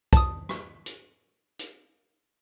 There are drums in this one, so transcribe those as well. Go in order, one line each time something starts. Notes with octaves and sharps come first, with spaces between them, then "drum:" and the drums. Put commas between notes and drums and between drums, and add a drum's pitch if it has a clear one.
A5 D#6, drum: kick, hi-hat
drum: rim click
drum: hi-hat
drum: hi-hat